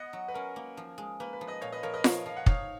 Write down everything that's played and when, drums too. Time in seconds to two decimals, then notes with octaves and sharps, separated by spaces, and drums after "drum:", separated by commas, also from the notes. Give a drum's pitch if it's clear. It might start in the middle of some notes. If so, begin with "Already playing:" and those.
Already playing: B3 D#5 F#5
0.13 F#3
0.28 B4
0.34 C#4 A#4
0.56 A#3
0.77 F3
0.98 G#3
1.20 A#3 B4
1.33 B4
1.41 F3
1.47 B4 D#5
1.61 A#2 C#5 F5
1.72 B4 D#5
1.83 F3 A#4 C#5
1.94 B4 D#5
2.04 F3 C#5 F5, drum: snare F4
2.26 F3 F5
2.37 F#5
2.46 D#4 C#5 F5, drum: kick